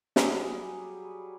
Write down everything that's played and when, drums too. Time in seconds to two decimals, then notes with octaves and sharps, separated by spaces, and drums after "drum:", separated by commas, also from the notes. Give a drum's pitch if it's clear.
0.16 F#3 G3 G#4 B5, drum: snare